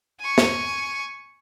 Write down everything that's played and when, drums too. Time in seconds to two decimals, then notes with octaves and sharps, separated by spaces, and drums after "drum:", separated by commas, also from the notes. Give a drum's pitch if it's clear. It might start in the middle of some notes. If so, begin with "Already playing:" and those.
0.20 G#5 C#6
0.38 drum: snare